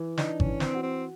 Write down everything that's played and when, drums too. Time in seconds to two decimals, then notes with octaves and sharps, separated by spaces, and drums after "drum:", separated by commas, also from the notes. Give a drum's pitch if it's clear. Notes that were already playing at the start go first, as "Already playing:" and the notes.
Already playing: E3
0.18 D4 D#4, drum: snare
0.40 C#4, drum: kick G#1
0.46 E3
0.60 C4, drum: snare
0.74 F#4
0.82 C4